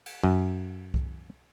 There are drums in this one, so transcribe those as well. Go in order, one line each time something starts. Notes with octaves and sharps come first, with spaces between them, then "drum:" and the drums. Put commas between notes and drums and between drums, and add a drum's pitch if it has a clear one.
drum: cymbal
F#2
drum: kick C2